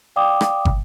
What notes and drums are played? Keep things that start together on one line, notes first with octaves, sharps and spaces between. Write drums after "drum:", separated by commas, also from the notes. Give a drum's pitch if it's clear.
D5 F5 G5 D6 D#6
drum: rim click
drum: kick